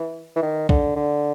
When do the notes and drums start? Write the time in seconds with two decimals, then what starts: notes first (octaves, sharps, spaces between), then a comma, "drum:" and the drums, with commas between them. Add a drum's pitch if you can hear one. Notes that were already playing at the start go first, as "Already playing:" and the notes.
Already playing: E3
0.36 E3
0.42 D#3
0.69 D3, drum: kick
0.96 D3